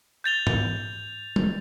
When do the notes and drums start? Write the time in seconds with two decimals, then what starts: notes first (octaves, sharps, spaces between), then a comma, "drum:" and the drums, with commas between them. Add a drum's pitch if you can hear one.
0.24 G6 A6 F7 G7
0.47 drum: tom G#2
1.36 drum: tom